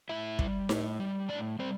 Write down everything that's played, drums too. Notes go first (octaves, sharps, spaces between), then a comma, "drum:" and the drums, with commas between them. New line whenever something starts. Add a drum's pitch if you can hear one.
A2 E4 E5
G3, drum: kick
A2, drum: snare D#4
G3
A2 D4 D5
G3 C4 C5